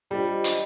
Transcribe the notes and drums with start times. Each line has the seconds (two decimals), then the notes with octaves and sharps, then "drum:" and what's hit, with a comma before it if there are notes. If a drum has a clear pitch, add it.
0.11 G3 D4 F4 C5 D#5
0.44 drum: hi-hat